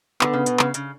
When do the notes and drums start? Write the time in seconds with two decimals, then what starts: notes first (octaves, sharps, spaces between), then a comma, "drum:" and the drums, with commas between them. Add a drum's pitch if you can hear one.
0.21 D3 B3, drum: clap
0.33 C#3
0.46 B2, drum: hi-hat
0.59 C#3, drum: clap
0.74 C#3, drum: hi-hat